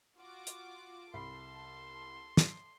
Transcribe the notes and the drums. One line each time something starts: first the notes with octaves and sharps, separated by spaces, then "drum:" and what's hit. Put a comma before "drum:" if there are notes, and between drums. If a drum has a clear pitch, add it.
F4 F#4 D6
drum: hi-hat
C2 A4 B5 C6 C7
drum: snare